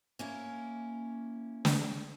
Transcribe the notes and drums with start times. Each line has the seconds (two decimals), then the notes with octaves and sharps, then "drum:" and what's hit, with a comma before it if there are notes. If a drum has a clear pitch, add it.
0.19 A#3 C#4 E4
1.65 drum: snare